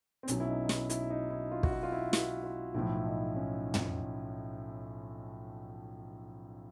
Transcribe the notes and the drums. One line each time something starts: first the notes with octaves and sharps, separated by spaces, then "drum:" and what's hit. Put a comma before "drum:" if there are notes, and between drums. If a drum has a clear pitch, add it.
C4
B1 B2 F#3 C#4, drum: hi-hat
E4
D#4
E4, drum: snare
E4, drum: hi-hat
D#4
E4
F4
F#4, drum: kick
F4
F4
E4
F#4, drum: snare
F4
B1 A2 F3 E4
D#4
C#4
drum: tom